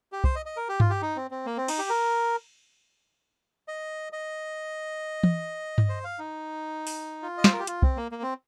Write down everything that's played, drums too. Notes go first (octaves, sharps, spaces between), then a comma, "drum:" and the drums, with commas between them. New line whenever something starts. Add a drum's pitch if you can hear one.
G4
C5, drum: kick
D#5
D#5
A#4
G4
F4, drum: tom G2
G4
D#4
C4
C4
A#3
C4
D#4, drum: cymbal
G4
A#4
D#5
D#5
drum: tom E3
drum: tom G2
C5
F5
D#4
drum: open hi-hat
F4
D#5
C5, drum: snare
A#4
G4
F4, drum: hi-hat
C4, drum: kick
A#3
A#3
C4